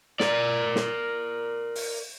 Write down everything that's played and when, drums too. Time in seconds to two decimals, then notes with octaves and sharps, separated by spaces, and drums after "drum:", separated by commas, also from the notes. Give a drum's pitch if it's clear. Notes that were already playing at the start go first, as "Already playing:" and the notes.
0.20 A#4 D5, drum: snare
0.75 drum: snare
1.75 drum: open hi-hat